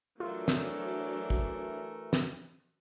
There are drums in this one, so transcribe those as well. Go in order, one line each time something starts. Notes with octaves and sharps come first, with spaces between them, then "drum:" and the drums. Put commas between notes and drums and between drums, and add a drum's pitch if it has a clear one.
E3 F#3 A3 D4 F4 A#4
drum: snare
drum: kick
drum: snare